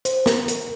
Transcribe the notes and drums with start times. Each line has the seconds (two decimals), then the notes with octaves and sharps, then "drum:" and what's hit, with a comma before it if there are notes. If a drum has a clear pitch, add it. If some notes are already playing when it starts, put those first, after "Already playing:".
0.05 C5, drum: hi-hat
0.26 A#4, drum: snare
0.48 A#4, drum: hi-hat